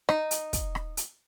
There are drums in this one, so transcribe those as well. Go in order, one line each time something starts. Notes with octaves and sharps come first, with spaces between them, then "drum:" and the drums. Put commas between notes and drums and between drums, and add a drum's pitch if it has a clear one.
D#4, drum: rim click
drum: hi-hat
drum: kick, hi-hat
drum: rim click
drum: hi-hat